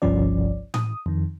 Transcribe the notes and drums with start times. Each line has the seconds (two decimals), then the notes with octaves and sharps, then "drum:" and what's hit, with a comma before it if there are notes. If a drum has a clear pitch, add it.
0.02 G1 C2 G2 F3 C#4 D5
0.74 D#6, drum: tom A2
1.06 F2 D#3